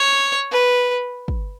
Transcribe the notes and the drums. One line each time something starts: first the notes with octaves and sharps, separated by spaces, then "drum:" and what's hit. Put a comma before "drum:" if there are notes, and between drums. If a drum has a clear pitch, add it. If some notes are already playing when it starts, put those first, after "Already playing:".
Already playing: C#5
B4
drum: kick